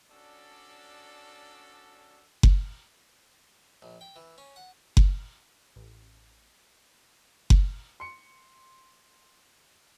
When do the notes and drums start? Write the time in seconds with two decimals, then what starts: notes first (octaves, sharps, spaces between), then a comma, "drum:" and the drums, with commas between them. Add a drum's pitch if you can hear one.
0.11 C#4 D4 F#4 A4 D5
2.43 drum: kick F#1
3.82 A#1
4.01 G5
4.16 E3
4.38 C#4
4.56 F#5
4.97 drum: kick F#1
5.76 A1
7.50 drum: kick F#1
8.00 C6 C#7